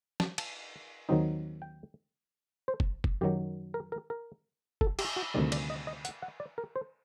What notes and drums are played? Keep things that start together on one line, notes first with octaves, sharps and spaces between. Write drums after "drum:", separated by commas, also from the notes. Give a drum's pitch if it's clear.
A5, drum: snare
A5, drum: cymbal
D#2 D#3 F#3 C4 D#4
G5
C5
drum: kick
drum: kick
F#2 D#3 F#3 G4
A#4
A#4
A#4
A4, drum: kick
G4, drum: cymbal
F#4
D2 C3 D#3 G3 D5
D5, drum: cymbal
D#5
D#5
F#5, drum: hi-hat
F#5
D5
A#4
C5